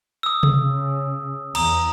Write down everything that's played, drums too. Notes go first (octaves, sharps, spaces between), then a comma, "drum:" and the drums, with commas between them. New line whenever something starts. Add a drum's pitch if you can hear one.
D#6 E6
drum: tom C3
C#3
E2 A#5 D#6, drum: cymbal